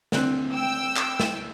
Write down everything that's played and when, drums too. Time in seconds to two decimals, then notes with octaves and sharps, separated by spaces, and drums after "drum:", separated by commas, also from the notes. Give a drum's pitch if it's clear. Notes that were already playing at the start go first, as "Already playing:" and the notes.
0.12 D3 C4 F#6, drum: snare
0.53 G5 E6
0.96 drum: clap
1.20 drum: snare